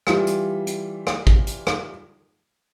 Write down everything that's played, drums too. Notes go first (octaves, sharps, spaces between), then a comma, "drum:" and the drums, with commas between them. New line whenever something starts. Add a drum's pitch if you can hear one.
E3 G3 F4 G4, drum: rim click
drum: hi-hat
drum: hi-hat
drum: rim click
drum: kick
drum: hi-hat
drum: rim click